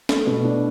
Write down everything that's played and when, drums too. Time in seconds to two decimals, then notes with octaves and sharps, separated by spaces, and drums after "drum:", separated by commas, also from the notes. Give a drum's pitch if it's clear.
0.09 A3, drum: snare
0.27 B2
0.44 D4